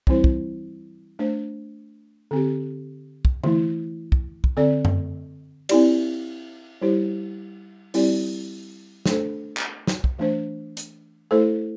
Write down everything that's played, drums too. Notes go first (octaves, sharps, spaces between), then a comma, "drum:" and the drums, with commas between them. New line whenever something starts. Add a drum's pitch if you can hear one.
E3 G3 C4 E4 C5, drum: kick
drum: kick
A3 D4 C5
D3 C4 G4
drum: kick
E3 A3 E4, drum: tom D3
drum: kick
drum: kick
D3 C4 A4 D5
drum: tom F#2
C4 E4 G4 D5, drum: cymbal
G3 E4 G4 C5
G3 C4 E4 G4 D5, drum: open hi-hat
A3 D4 A4 C5, drum: snare
drum: clap
drum: snare
drum: kick
E3 A3 D4 C5
drum: hi-hat
A3 E4 A4 C5